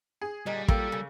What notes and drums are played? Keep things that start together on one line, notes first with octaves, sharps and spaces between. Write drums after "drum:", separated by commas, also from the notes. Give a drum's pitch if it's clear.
G#4
A#2 D3 G3 D#5
A#3 F4 A4 G5, drum: kick
C#3